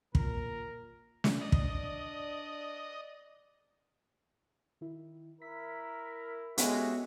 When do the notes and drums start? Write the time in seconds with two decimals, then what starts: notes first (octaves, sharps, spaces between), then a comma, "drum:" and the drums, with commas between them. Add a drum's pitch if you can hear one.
0.15 A#2 A#4, drum: kick
1.24 drum: snare
1.41 D4 D5 D#5
1.52 drum: kick
4.81 D#3 E4
5.42 E4 A#4 B6
6.58 G#3 B3 C#4 F#4 G4 A4 E5, drum: hi-hat